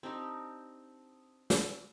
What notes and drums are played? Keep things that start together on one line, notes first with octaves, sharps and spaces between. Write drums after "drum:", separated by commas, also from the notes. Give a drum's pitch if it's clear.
C4 D4 D#4 G4
drum: snare